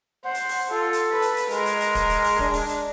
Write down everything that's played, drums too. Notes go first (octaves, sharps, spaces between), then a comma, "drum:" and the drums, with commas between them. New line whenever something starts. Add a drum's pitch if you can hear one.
C5 F#5
drum: hi-hat
drum: open hi-hat
F4 A4
drum: hi-hat
B4
drum: hi-hat
drum: hi-hat
G#3 A#4, drum: hi-hat
drum: hi-hat
drum: hi-hat
drum: kick, hi-hat
drum: hi-hat
drum: open hi-hat
D4, drum: kick
drum: open hi-hat
drum: hi-hat